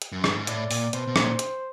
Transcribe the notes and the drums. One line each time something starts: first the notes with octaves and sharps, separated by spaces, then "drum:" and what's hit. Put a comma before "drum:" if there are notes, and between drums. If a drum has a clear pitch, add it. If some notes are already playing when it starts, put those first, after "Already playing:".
drum: hi-hat
F#2
G2, drum: rim click
G#2
A2 D5, drum: hi-hat
A#2, drum: open hi-hat
B2 C5, drum: hi-hat
B2
A#2, drum: rim click
drum: hi-hat